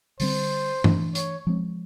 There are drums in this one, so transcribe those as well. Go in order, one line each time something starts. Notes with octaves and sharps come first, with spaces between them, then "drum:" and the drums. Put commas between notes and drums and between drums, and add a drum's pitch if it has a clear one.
D3 G3 C4 C5, drum: open hi-hat
E3 A3 D4, drum: tom G2
C#5, drum: hi-hat
F3 G#3 C4